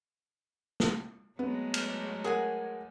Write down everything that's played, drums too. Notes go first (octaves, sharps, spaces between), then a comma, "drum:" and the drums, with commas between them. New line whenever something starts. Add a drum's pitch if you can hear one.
drum: snare
F#3 G#3 A3 B3
drum: cymbal
G#4 A#4 F#5 G#5